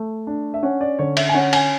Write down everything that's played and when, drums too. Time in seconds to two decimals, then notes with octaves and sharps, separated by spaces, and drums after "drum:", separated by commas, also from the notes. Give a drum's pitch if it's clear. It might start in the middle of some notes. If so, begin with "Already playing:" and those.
Already playing: A3
0.27 D4
0.54 E5
0.63 C#4 F#5
0.81 D5
0.99 D3 C#5
1.17 E5, drum: cymbal
1.29 G#5
1.34 C#4 F#5
1.53 G#5, drum: cymbal